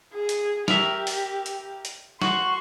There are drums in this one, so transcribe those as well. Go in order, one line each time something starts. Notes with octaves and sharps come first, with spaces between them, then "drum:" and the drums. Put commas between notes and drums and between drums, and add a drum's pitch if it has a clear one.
G#4
drum: hi-hat
G4 A#4 E5, drum: snare
drum: open hi-hat
drum: hi-hat
drum: hi-hat
F#4 C6 C#6, drum: snare